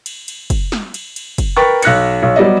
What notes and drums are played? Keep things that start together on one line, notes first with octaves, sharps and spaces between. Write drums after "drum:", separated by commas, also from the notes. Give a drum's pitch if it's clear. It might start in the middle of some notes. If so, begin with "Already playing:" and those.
drum: cymbal
drum: cymbal
drum: kick, cymbal
drum: snare
drum: cymbal
drum: cymbal
drum: kick, cymbal
A#4 B4 G5 C#6 A6
B1 F#6 A#6 C#7, drum: cymbal
B1
F#3 G3 B3 D5 D#5